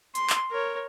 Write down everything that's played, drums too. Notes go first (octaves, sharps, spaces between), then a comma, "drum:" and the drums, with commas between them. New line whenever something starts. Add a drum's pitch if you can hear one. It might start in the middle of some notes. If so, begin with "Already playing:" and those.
C6, drum: hi-hat
drum: clap
A#4 C#5